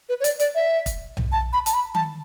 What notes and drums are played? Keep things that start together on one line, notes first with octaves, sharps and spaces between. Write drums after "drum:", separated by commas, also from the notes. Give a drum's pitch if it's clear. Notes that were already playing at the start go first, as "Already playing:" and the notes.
B4
C#5
D5, drum: hi-hat
D5, drum: hi-hat
E5
drum: kick, hi-hat
drum: tom B1
A5
B5
A5, drum: hi-hat
B5
A5, drum: tom D#3